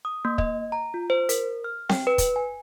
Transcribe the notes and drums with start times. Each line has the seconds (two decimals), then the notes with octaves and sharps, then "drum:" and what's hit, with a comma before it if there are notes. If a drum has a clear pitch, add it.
0.05 D#6
0.25 A#3
0.38 D#5, drum: kick
0.72 A#5
0.94 F4
1.10 C5
1.29 A#4, drum: hi-hat
1.64 F6
1.89 G5, drum: snare C4
2.07 B4
2.18 drum: kick, hi-hat
2.36 G#5